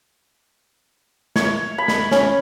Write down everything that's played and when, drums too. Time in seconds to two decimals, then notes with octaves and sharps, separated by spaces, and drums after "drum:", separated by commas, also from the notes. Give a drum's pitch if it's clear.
1.36 C#5, drum: snare
1.78 B5
1.88 drum: snare
2.11 C#4, drum: snare